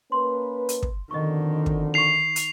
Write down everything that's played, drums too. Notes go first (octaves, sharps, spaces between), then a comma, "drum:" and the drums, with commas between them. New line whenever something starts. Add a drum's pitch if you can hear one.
A#3 C#4 B4 C6
drum: hi-hat
drum: kick
F2 B2 D3 D#3 D#5 C#6
drum: kick
D#4 C#6 C7 F7
drum: hi-hat